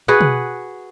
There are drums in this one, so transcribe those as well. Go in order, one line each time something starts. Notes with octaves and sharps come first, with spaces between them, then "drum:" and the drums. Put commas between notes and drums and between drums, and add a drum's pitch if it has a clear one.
F#4 G#4 B4 F#5
drum: tom